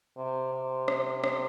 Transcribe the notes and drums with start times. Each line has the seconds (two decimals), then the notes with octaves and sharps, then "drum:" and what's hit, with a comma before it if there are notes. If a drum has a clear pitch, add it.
0.17 C3
0.53 C3
0.88 drum: rim click
1.24 drum: rim click